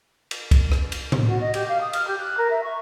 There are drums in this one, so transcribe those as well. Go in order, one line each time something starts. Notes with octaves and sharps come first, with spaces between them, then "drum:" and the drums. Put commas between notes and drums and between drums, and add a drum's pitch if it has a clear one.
drum: cymbal
drum: kick, cymbal
drum: rim click
drum: cymbal
drum: tom A2
F#4
D#5
G4, drum: cymbal
F5
D#6
F6, drum: cymbal
G4
F#6
A#4
E5
C#6